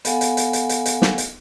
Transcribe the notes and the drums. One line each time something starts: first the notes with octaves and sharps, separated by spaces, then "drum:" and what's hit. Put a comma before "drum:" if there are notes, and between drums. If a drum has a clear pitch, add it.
B3 A4 F5 F#5 G#5, drum: hi-hat
drum: hi-hat
drum: hi-hat
drum: hi-hat
drum: hi-hat
drum: hi-hat
drum: snare
drum: hi-hat